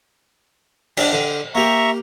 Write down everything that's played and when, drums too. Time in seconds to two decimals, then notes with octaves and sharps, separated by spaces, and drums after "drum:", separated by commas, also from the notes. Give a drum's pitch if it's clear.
0.97 D3 D4, drum: cymbal
1.12 D3
1.55 A#3 G4 E5 A#5 C#6